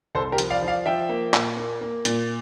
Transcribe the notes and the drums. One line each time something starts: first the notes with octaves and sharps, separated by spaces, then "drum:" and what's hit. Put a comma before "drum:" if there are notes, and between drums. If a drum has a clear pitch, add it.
C2 A4 C5
G4 A#4
F3, drum: hi-hat
D5 F5
F3
D5 F5
F3 E5 G5
A#3
A#2, drum: clap
A#3
A#3
A#2, drum: hi-hat